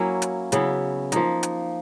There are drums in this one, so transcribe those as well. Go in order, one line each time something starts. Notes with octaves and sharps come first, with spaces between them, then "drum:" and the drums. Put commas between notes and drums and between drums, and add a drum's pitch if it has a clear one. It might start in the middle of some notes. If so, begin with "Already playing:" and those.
Already playing: F#3 A#3 C#4 E4
drum: hi-hat
C#3 F#3 B3 E4, drum: hi-hat
F3 A#3 D#4, drum: hi-hat
drum: hi-hat